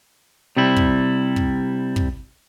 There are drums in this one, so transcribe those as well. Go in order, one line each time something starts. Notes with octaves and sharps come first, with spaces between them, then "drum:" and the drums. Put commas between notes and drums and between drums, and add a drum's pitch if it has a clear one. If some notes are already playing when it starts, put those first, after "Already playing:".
C3 G3 E4
drum: kick
drum: kick
drum: kick